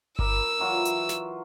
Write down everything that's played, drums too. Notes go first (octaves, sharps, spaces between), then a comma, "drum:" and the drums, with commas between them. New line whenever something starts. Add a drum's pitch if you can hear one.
A#4 D5 B5 E6, drum: kick G1
E3 F#3 F4
drum: hi-hat
drum: snare